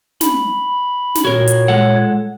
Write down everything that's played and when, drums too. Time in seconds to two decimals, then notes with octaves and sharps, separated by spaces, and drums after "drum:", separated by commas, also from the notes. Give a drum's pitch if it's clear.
0.21 B5, drum: snare
1.15 drum: snare
1.25 A#2 F#4 A#4 C#5
1.47 drum: hi-hat
1.68 G#3 A4 F#5